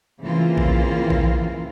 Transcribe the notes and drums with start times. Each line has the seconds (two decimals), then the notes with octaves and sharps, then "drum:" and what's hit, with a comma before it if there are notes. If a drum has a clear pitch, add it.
0.22 C#3 E3 A#3 C4 E4 F4
0.58 drum: kick A#1
1.10 drum: kick A#1